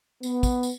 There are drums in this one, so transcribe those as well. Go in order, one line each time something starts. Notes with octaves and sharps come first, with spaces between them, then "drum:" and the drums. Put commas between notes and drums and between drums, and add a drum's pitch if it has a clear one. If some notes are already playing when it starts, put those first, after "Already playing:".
B3, drum: tambourine
drum: kick, tambourine
drum: tambourine